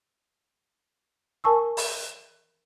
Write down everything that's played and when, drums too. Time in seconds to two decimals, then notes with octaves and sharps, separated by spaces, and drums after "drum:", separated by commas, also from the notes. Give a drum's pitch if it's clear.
1.44 A#4 G#5 A5 C#6 E6
1.77 drum: open hi-hat